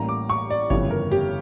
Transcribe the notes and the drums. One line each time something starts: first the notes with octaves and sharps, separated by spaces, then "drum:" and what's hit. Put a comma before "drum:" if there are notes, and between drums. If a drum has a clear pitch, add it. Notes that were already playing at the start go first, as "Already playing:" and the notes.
Already playing: A1 A2 G3 A#3 A#5
D6
C#6
D5
G1 F2 C#3 E3 G3 C#5, drum: kick F#1
A#4
G4